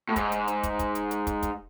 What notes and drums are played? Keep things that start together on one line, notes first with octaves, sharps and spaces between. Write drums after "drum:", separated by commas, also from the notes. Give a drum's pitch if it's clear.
A2
G#2, drum: kick, hi-hat
drum: hi-hat
drum: hi-hat
drum: kick, hi-hat
drum: kick, hi-hat
drum: hi-hat
drum: hi-hat
drum: kick, hi-hat
drum: kick, hi-hat